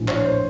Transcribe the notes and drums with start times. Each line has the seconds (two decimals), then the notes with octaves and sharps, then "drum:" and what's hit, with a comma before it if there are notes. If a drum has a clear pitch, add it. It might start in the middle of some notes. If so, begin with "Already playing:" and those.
Already playing: A#1 A2 E3
0.08 C#5, drum: clap
0.24 C5